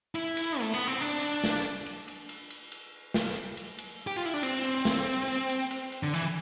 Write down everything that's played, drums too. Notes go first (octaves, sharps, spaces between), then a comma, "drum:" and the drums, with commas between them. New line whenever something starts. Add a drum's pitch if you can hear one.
E4, drum: cymbal
drum: cymbal
A3, drum: cymbal
B3
C4
D4, drum: cymbal
drum: cymbal
drum: snare
drum: cymbal
drum: cymbal
drum: cymbal
drum: cymbal
drum: cymbal
drum: cymbal
drum: snare
drum: cymbal
drum: cymbal
drum: cymbal
G4
F4
E4
D4
C4, drum: cymbal
drum: cymbal
drum: snare
drum: cymbal
drum: cymbal
drum: cymbal
drum: cymbal
drum: cymbal
D3
E3, drum: cymbal